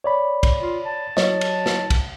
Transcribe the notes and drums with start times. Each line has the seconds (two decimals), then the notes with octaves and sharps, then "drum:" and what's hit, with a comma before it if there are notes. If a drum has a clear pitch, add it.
0.04 C#5 D5 B5
0.43 drum: kick, cymbal
0.62 F4
0.86 A5
1.17 F#3 C#5 D#5, drum: snare
1.41 drum: cymbal
1.66 drum: snare
1.90 drum: kick, cymbal